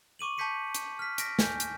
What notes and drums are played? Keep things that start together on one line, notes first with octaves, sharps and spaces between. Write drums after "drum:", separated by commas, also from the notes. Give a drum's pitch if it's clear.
C#6 D6 D#7 F#7
A5 C#6 G6 B6 C#7 D#7
drum: hi-hat
F6 B6
A#6 B6 D7, drum: hi-hat
G#5 G6, drum: snare
drum: hi-hat